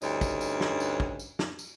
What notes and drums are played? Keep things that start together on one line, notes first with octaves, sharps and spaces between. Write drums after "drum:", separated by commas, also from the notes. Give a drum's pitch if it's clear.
D2 G2 C#4 D#4, drum: tambourine
drum: kick, tambourine
drum: tambourine
drum: snare
drum: tambourine
drum: kick
drum: tambourine
drum: snare
drum: tambourine